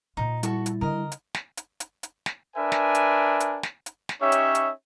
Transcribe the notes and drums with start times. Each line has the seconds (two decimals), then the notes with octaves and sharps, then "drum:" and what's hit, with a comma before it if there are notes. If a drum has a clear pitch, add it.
0.17 A#2 D#4 F4
0.43 G3 E4 F#4 A4 C#6, drum: hi-hat
0.66 drum: hi-hat
0.81 D3 D4 A#4 D#5
1.12 drum: hi-hat
1.34 drum: snare
1.57 drum: hi-hat
1.80 drum: hi-hat
2.03 drum: hi-hat
2.26 drum: snare
2.56 D4 A#4 B4 E5 G#5
2.72 drum: snare
2.95 drum: hi-hat
3.40 drum: hi-hat
3.63 drum: snare
3.86 drum: hi-hat
4.09 drum: snare
4.21 C#4 D#4 G4 C#5 E5
4.32 drum: hi-hat
4.55 drum: hi-hat